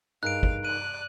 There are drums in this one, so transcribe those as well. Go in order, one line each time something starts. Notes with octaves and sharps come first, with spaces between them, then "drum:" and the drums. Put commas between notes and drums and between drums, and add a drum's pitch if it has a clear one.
G2 D#4 G#4 A#4 F5 F#6 D7
drum: kick
D5 F#6 D#7